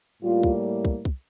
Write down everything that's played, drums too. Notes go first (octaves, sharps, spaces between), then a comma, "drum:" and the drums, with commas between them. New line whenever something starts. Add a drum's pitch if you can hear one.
A2 G3 A#3 F4
drum: kick
drum: kick
drum: kick